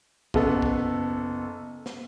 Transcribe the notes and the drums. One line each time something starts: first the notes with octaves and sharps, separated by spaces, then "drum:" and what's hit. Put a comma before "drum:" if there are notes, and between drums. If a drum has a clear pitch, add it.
F#1 B3 A4, drum: kick A1
drum: kick A1
drum: snare